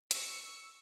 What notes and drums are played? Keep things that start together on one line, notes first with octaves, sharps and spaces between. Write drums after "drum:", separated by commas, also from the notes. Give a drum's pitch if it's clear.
C#6 E6, drum: hi-hat